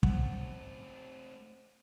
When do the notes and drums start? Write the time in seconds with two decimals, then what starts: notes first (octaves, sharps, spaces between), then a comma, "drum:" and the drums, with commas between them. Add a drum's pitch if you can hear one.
0.03 A3 C4 F#5, drum: kick